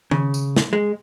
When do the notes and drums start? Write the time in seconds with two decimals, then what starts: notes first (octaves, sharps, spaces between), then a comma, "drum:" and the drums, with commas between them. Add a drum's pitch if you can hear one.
0.11 C#3, drum: tom D#3
0.34 drum: tambourine
0.56 drum: snare
0.73 G#3